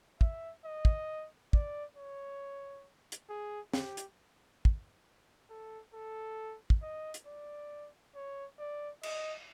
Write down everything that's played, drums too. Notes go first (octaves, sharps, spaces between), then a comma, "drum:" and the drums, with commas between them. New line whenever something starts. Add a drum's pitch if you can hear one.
E5, drum: kick
D#5
drum: kick
D5, drum: kick
C#5
drum: hi-hat
G#4
G4, drum: snare
drum: hi-hat
drum: kick
A4
A4
drum: kick
D#5
drum: hi-hat
D5
C#5
D5
D#5, drum: cymbal